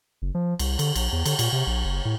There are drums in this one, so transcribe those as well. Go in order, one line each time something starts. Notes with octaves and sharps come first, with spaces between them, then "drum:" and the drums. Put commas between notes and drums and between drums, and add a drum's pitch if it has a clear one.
F#1
F3
C2, drum: cymbal
D3, drum: cymbal
A#1, drum: cymbal
E2
D3, drum: cymbal
A#2, drum: cymbal
C3
A#1
F#1
A2